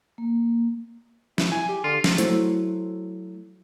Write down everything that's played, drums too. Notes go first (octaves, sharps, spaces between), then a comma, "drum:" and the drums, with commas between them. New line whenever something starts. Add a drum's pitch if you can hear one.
A#3
E4, drum: snare
G#5
G4
D3 F4
drum: snare
F#3 A3 E4 C5, drum: hi-hat